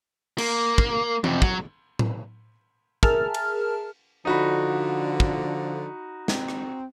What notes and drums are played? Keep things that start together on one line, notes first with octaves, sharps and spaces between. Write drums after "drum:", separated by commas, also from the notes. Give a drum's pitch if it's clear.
A#3, drum: cymbal
drum: kick
F2 C3, drum: tom
F#3, drum: kick
drum: tom A2
G#4 A#4 E5 A5 F6, drum: kick
drum: cymbal
D3 F3 D#4 F#4 B5
drum: kick
C4, drum: snare
drum: rim click